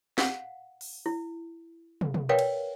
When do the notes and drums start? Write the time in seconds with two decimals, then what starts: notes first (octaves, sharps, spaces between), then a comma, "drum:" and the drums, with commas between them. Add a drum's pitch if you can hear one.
0.18 F5 F#5, drum: snare
0.81 drum: open hi-hat
1.06 E4
2.01 drum: tom
2.14 drum: tom
2.29 A#4 B4 C#5 D5 F5 G5
2.39 drum: cymbal